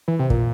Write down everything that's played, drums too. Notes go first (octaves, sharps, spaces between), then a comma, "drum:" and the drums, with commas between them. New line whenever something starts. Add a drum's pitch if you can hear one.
E3
C3
A#2, drum: kick